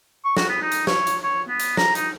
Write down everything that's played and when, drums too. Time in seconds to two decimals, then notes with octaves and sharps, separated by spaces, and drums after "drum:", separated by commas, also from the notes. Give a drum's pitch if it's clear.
0.25 C#6
0.37 F#4, drum: snare
0.49 B3
0.62 D#4
0.72 drum: hi-hat
0.87 C#5, drum: snare
1.07 drum: hi-hat
1.23 C#5
1.48 B3
1.60 drum: hi-hat
1.77 A#5, drum: snare
1.95 D#4, drum: hi-hat